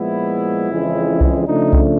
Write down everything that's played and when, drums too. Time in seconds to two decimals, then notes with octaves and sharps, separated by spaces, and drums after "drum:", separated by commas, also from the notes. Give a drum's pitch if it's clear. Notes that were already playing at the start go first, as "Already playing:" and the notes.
Already playing: A#2 F3 G#3 B3 E4
0.69 F2 C#3 E3 G#3 C#4
1.21 drum: kick C2
1.46 C#3 F3 A3 D4 D#4
1.73 drum: kick C2